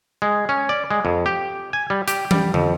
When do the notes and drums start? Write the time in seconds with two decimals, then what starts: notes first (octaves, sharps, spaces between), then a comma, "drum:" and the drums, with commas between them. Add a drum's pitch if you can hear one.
0.22 G#3
0.49 C#4
0.69 D5
0.91 G#3
1.05 F2
1.26 G4
1.73 G#5
1.90 G3
2.08 G4, drum: hi-hat
2.31 G3, drum: tom E3
2.54 F2, drum: tom D3